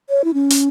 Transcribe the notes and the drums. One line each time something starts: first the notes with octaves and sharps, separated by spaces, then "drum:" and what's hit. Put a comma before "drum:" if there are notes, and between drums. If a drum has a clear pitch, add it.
C#5
E4
C#4
drum: hi-hat